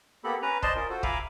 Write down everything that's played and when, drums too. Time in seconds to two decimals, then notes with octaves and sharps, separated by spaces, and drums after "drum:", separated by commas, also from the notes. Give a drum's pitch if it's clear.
0.24 A#3 B3 G4 A4 B5
0.42 C#4 B4 A#5
0.62 C5 D5 D#5 A5 C6, drum: kick
0.75 C#4 F4 A#4
0.89 F4 F#4 A4 C5
1.03 E5 F5 G#5 A#5 B5 D6, drum: kick